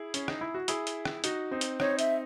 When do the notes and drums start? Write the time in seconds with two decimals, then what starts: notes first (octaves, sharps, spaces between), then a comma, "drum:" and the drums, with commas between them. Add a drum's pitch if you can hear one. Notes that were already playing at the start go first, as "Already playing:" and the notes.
Already playing: E4 G#4
0.14 C#4, drum: hi-hat
0.28 D#4, drum: rim click
0.41 E4
0.54 F#4
0.68 E4 G#4, drum: hi-hat
0.87 drum: hi-hat
1.05 drum: rim click
1.24 D#4 F#4, drum: hi-hat
1.51 C4 D#4
1.61 drum: hi-hat
1.80 C4 D#4 C#5, drum: rim click
1.99 E5, drum: hi-hat